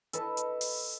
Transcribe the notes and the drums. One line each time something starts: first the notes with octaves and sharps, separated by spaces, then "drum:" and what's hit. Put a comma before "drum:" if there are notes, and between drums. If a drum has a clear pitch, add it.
A4 B4 D#5 A5, drum: hi-hat
drum: hi-hat
drum: open hi-hat